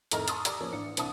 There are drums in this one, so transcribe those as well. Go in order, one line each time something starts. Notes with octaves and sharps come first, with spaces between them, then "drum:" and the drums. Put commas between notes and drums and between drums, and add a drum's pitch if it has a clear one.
F2 A2 D#3 D#5 A#5 F6, drum: hi-hat
A5 C6 C#6 D#6 E6 A6, drum: hi-hat
G4 D5 A#5 D6 E6, drum: hi-hat
F3 A#3 C#4 C#5
A1 D4 C#7
C2 C4 D4 A5 D#6, drum: hi-hat